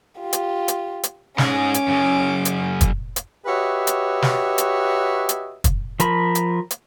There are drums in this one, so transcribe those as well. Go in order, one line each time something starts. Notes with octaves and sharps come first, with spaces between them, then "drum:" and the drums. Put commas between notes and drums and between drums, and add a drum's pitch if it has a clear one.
F4 G4
drum: hi-hat
drum: hi-hat
drum: hi-hat
G#2 C#4 G#4 D6, drum: snare
drum: hi-hat
F#2 C#3
drum: hi-hat
drum: kick, hi-hat
drum: hi-hat
F#4 G4 B4 C#5 D#5 E5
drum: hi-hat
drum: snare
drum: hi-hat
drum: hi-hat
drum: kick, hi-hat
F3 A#4 B5, drum: hi-hat
drum: hi-hat
drum: hi-hat